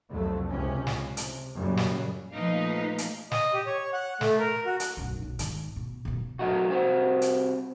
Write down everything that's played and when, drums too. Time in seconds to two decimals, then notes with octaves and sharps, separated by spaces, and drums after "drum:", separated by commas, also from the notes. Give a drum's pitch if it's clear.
0.10 C2 F2 C3 F#3 A3
0.48 C#2 C3 C#4
0.87 drum: snare
1.17 C3, drum: hi-hat
1.55 F#2 A#2 C#3 F#3 G3
1.77 drum: snare
2.33 A#2 F3 A3 D#4 B4 F5
2.98 drum: hi-hat
3.31 D#5, drum: snare
3.54 G4
3.66 C#5
3.93 F#5
4.21 A3, drum: snare
4.39 A#4
4.66 F#4
4.80 drum: hi-hat
4.97 B1 F#2
5.22 B1
5.39 G#1 D#3, drum: hi-hat
5.76 B2
6.05 F#2 B2
6.39 F#3 A3 D#4 F#4
6.69 C2 C3 C4 F#4
7.22 drum: hi-hat